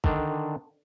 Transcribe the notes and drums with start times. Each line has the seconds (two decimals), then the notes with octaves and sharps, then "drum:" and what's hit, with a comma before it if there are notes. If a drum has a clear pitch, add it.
0.04 D3 D#3 D4, drum: kick